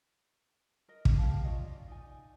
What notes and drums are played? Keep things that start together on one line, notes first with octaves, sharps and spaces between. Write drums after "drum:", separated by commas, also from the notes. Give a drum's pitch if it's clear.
A#4 D#5
drum: kick
G4 A#4 F5 A5
C#4 F4 D5 D#5
D#4 D5 G#5